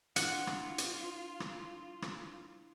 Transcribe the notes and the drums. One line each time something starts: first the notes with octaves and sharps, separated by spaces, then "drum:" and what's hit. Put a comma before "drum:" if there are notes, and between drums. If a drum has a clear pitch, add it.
D4 E4 F4 F#5, drum: hi-hat
drum: rim click
drum: hi-hat
drum: rim click
drum: rim click